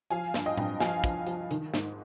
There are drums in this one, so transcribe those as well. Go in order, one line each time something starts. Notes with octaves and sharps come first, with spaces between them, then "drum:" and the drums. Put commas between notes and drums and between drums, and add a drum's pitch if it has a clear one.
F3 F5 G#5, drum: hi-hat
G2, drum: snare
D#5 G5
G2, drum: tom
F3 F5 G#5, drum: snare
F3, drum: kick, hi-hat
F3, drum: hi-hat
D#3, drum: hi-hat
G#2, drum: snare